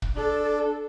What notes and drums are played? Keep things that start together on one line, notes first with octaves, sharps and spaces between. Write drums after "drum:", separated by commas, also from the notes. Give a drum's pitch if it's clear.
drum: kick
D4 A4